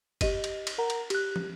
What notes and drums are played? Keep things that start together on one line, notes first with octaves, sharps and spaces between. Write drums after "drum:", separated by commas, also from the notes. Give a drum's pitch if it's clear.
G4 D#5 D#7, drum: kick F#1, cymbal
drum: cymbal
drum: cymbal
A#4 F#5 A#5
drum: cymbal
G4 F#6, drum: cymbal
drum: tom